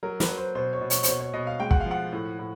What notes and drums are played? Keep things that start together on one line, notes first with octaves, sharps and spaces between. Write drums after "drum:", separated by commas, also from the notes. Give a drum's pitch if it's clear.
F#3 A#4
B4, drum: snare
F#3
C5
B2 C5
C#5
B2
C#5, drum: hi-hat
C5, drum: hi-hat
B2 C#5
C#5
B2 D#5
F5
G#3 G5
F#5, drum: kick
F5
F3 F#5
A2
A2